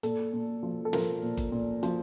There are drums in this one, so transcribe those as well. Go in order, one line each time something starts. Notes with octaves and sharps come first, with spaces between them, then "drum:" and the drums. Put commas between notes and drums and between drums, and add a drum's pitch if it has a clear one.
A#2 A4, drum: hi-hat
A#2
F3
A4
F3 A#4, drum: snare
A#2
drum: kick G1, hi-hat
A#2
F3, drum: hi-hat